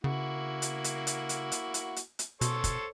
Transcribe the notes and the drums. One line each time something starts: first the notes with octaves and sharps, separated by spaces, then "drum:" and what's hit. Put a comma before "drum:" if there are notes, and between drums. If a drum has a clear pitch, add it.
C#3 A#3 E4 F#4
drum: hi-hat
drum: hi-hat
drum: hi-hat
drum: hi-hat
drum: hi-hat
drum: hi-hat
drum: hi-hat
drum: hi-hat
B2 A4 C5 C#5, drum: hi-hat
drum: kick, hi-hat